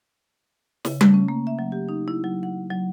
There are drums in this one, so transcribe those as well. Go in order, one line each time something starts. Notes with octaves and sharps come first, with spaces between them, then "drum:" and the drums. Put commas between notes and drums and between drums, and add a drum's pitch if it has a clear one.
C#3, drum: snare
A3, drum: tom G3
C#4
A#3
E5
F#3
G4
D#4
E4
F#3
F#5
F#3